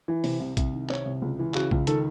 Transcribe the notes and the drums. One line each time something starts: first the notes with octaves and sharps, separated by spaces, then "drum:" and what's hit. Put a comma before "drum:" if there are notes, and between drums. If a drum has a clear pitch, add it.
E3
C3, drum: open hi-hat
C2
C2, drum: kick, hi-hat
D#3
C3 C#5, drum: clap
C2
C#2
E3
C#3 F#4, drum: clap
C#2, drum: kick
D#3 A4, drum: hi-hat